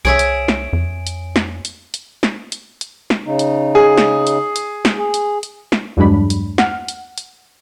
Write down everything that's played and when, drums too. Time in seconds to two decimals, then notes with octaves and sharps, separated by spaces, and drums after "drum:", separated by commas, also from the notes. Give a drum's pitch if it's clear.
0.05 C2 G#4 C#5 E5 D7
0.19 drum: hi-hat
0.48 drum: snare
0.73 F2
1.07 drum: hi-hat
1.36 drum: snare
1.65 drum: hi-hat
1.94 drum: hi-hat
2.23 drum: snare
2.52 drum: hi-hat
2.81 drum: hi-hat
3.10 drum: snare
3.26 C#3 D#4
3.39 drum: hi-hat
3.75 G#4
3.98 drum: snare
4.27 drum: hi-hat
4.56 drum: hi-hat
4.85 drum: snare
4.98 G#4
5.14 drum: hi-hat
5.43 drum: hi-hat
5.72 drum: snare
5.97 E2 G2 F#3 G#3 D4 B5
6.30 drum: hi-hat
6.58 F#5 F6, drum: snare
6.88 drum: hi-hat
7.18 drum: hi-hat